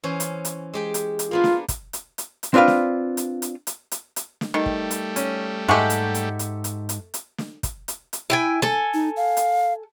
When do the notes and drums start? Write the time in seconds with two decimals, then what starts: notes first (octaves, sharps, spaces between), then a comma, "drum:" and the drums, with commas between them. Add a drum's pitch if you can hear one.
0.04 E3 C#4 C5
0.20 drum: hi-hat
0.45 drum: hi-hat
0.74 G#3 G4 G5
0.94 drum: hi-hat
1.19 drum: hi-hat
1.31 A#3 B3 D4 F4
1.44 drum: snare
1.68 drum: kick, hi-hat
1.93 drum: hi-hat
2.18 drum: hi-hat
2.43 drum: hi-hat
2.54 C4 D4 F4 B4 F5
2.68 drum: snare
3.17 drum: hi-hat
3.42 drum: hi-hat
3.67 drum: hi-hat
3.91 drum: hi-hat
4.16 drum: hi-hat
4.41 drum: snare
4.54 D#3 G3 A3
4.66 drum: kick
4.91 drum: hi-hat
5.16 C#4, drum: hi-hat
5.69 G#2 G#3 G4 A4 E5 F#5 C#6
5.90 drum: hi-hat
6.15 drum: hi-hat
6.39 drum: hi-hat
6.64 drum: hi-hat
6.89 drum: hi-hat
7.14 drum: hi-hat
7.38 drum: snare
7.63 drum: kick, hi-hat
7.88 drum: hi-hat
8.13 drum: hi-hat
8.30 E4 G5 G#5
8.62 A4 G#5, drum: snare
8.94 D#4
9.17 F5
9.37 drum: hi-hat